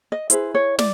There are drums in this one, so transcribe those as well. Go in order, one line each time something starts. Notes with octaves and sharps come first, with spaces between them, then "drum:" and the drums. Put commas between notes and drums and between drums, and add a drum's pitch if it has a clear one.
D#5
E4 G#4 B4 C5, drum: hi-hat
C#5
D5, drum: snare